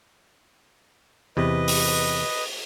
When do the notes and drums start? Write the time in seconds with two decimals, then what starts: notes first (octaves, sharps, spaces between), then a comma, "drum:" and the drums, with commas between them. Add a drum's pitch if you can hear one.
1.37 E2 C3 B4 D#5
1.68 drum: open hi-hat